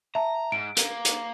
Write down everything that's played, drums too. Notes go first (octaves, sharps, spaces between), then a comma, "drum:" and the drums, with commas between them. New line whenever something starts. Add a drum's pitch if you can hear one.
E5 A5 A#5
G#2 D7
A#3, drum: hi-hat
drum: hi-hat